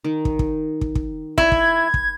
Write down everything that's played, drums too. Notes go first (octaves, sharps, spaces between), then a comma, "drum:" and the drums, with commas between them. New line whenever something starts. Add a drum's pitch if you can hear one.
D#3
drum: kick
drum: kick
drum: kick
drum: kick
E4 G#6, drum: kick
drum: kick
drum: kick